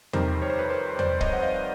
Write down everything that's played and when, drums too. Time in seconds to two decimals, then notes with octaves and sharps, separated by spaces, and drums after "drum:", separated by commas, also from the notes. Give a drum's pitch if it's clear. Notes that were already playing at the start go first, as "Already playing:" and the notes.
0.13 F2 C3 D#3 G3 A#4 C5, drum: tom E2
0.42 C#5
0.50 C5
0.58 B4 C#5
0.70 A#4 C5
0.99 C5 D5, drum: tom E2
1.21 C#5 D#5, drum: kick
1.33 F#5
1.42 D#5 F5